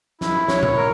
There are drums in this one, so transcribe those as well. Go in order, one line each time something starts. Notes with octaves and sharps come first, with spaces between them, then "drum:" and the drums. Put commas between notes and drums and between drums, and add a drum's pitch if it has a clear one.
E4, drum: snare
C#5, drum: snare
drum: tom B2
A#4